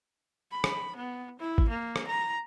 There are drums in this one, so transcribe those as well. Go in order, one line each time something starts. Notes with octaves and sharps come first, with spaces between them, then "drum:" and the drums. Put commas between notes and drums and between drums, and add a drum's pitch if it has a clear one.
B5
drum: rim click
B3
E4
drum: kick G#1
A#3
drum: rim click
A#5